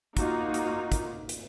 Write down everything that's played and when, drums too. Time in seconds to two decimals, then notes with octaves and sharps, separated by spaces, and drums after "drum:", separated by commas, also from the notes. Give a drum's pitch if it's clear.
0.17 A#3 D#4 F4 F#4, drum: kick, hi-hat
0.54 drum: hi-hat
0.92 drum: kick, hi-hat
1.29 drum: hi-hat